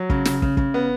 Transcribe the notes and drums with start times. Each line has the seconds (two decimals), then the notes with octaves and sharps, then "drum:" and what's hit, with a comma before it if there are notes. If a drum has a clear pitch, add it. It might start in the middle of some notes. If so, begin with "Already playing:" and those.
Already playing: F#3
0.10 C#3, drum: kick
0.25 C#3, drum: snare
0.42 C#3, drum: kick
0.57 C#3, drum: kick
0.74 B3